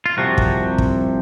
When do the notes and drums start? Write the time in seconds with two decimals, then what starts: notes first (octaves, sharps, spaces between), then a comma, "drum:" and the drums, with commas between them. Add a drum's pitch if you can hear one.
0.06 F4
0.17 C2 C3 F3 F#4
0.38 drum: kick
0.78 drum: kick